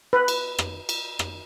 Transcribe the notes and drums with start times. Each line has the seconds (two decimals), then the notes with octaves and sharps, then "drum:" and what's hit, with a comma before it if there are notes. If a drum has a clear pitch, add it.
0.13 B4
0.28 drum: cymbal
0.58 drum: rim click
0.89 drum: cymbal
1.19 drum: rim click